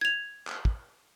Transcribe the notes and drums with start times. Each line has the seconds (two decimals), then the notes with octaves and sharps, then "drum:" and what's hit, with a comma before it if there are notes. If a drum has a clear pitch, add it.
0.01 G#6 F7
0.47 drum: clap
0.65 drum: kick